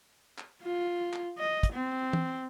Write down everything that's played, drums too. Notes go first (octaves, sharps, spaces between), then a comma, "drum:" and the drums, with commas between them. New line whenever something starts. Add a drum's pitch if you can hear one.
drum: clap
F4
drum: clap
D#5
drum: kick, hi-hat
C4
drum: tom E3